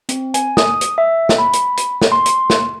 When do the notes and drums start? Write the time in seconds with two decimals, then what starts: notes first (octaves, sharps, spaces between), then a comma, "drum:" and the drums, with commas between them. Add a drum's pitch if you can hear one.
0.09 C4, drum: hi-hat
0.34 G#5, drum: hi-hat
0.57 D#6, drum: snare
0.81 drum: hi-hat
0.98 E5
1.29 drum: snare
1.38 B5
1.53 drum: hi-hat
1.77 drum: hi-hat
2.02 drum: snare
2.12 C6
2.26 drum: hi-hat
2.50 drum: snare